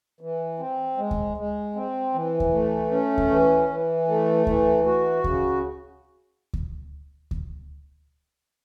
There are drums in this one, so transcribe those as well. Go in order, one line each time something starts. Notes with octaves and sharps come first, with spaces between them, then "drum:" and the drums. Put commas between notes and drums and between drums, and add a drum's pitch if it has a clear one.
E3
C4
G#3
drum: kick D2
G#3
C4
E3
drum: kick D2
A3
C#4
drum: kick D2
E3
E3
A3
E3, drum: kick D2
F#4
C#3, drum: kick D2
drum: kick D2
drum: kick D2